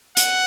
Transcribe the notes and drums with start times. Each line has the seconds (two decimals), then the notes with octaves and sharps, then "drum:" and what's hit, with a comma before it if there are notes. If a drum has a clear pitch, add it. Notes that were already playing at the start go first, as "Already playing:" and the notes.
0.17 F#5, drum: hi-hat